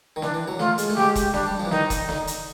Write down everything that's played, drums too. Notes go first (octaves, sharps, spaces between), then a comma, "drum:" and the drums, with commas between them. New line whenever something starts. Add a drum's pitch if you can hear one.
D#3
E3 D4, drum: snare
E3
F#3
A3 F4, drum: snare
G#3, drum: hi-hat
A3
G#3 G4, drum: snare
drum: kick E1, hi-hat
G3 D4, drum: snare
G3
F3
E3
D#3 D#4, drum: snare
drum: kick E1, hi-hat
D3 D#4, drum: snare
drum: hi-hat